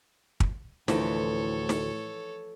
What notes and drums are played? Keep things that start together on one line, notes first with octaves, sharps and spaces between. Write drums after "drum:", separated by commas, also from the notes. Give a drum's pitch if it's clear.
drum: kick
D2 A2 E3 F3 A4 A#4 C#5, drum: snare
drum: snare